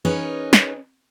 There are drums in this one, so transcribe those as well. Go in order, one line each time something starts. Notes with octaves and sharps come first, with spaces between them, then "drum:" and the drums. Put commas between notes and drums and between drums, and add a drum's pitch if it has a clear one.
C#4 D#4 G#4 A#4 B4 C#5
drum: snare